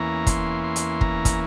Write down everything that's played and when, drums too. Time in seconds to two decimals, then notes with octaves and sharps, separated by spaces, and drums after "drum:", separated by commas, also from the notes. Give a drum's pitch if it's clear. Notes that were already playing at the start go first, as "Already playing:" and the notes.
Already playing: E2 E3 A#3 C#4 A#5
0.27 C6, drum: kick, hi-hat
0.64 C6
0.76 drum: hi-hat
1.01 A#5, drum: kick
1.25 drum: kick, hi-hat